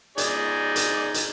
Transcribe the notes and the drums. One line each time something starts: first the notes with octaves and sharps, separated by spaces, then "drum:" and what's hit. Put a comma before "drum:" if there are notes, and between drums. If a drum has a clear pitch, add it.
D#4 G#4 D5, drum: hi-hat
drum: hi-hat
drum: hi-hat